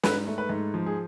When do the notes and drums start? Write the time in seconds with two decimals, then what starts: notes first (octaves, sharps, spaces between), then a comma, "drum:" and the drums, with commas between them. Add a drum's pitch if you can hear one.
0.03 G#2 B4, drum: snare
0.27 A3
0.38 B4
0.49 G#2
0.74 F3
0.86 G#4